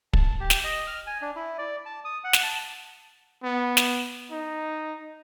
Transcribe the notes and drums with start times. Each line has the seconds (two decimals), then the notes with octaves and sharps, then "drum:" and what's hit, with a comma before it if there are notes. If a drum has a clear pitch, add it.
0.13 A5, drum: kick
0.40 G4
0.50 drum: snare
0.64 D#5
0.87 F6
1.07 G#5
1.22 D4
1.36 E4
1.58 D5
1.86 A5
2.05 D#6
2.24 F#5
2.33 drum: snare
2.43 A5
3.43 B3
3.77 drum: snare
4.31 D#4